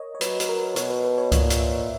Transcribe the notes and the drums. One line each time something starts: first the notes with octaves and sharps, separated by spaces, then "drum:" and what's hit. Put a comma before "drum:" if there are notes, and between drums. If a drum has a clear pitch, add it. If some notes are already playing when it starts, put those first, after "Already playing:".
Already playing: A#4 C#5 D#5
C#5
F#3 B4, drum: hi-hat
B4, drum: hi-hat
A#4
B2 C#5, drum: hi-hat
B4
B4
C#5
A#2 D#5, drum: kick C#2, hi-hat
drum: hi-hat
E5